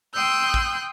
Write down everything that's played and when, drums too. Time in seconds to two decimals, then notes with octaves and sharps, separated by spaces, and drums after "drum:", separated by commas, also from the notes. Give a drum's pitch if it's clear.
0.14 G5 C6 D#6 E6 F#6 G6
0.54 drum: kick